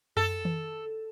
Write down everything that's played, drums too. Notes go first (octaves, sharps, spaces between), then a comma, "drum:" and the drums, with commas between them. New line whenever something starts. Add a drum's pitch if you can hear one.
A4, drum: tom F#2
drum: tom D#3